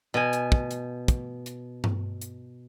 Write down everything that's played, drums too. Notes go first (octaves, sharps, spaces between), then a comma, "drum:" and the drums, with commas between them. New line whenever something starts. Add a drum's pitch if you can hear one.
B2 G#5
drum: hi-hat
drum: kick
drum: hi-hat
drum: kick, hi-hat
drum: hi-hat
drum: tom G2
drum: hi-hat